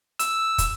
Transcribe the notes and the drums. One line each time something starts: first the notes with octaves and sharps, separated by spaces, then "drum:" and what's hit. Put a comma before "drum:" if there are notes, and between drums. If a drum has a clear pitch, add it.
E6, drum: hi-hat
drum: kick, hi-hat